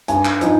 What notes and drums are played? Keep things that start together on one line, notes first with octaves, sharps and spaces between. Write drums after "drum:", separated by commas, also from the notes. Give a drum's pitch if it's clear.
G2 G#5, drum: hi-hat
drum: clap
F3 C4 D#4, drum: hi-hat